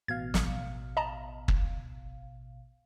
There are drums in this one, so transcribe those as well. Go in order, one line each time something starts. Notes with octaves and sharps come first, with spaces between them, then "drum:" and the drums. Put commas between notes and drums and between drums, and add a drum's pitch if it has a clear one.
A1 B2 F5 G#6
drum: snare
D#5 A5 A#5
drum: kick